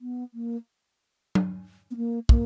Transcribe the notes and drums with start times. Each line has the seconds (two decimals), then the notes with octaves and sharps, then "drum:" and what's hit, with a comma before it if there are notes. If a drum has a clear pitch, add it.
0.01 B3
0.34 A#3
1.35 drum: tom F#3
1.91 B3
1.97 A#3
2.29 A#3, drum: kick